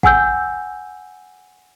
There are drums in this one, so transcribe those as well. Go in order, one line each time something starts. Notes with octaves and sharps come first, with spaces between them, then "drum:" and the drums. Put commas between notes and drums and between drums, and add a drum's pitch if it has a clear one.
F#5 G#5 E6 G6, drum: kick